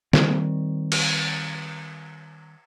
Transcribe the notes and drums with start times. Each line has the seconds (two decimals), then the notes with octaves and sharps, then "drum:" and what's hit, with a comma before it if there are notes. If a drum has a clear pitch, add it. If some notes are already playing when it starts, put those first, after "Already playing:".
0.13 D#3 G3 C4, drum: snare
0.92 drum: cymbal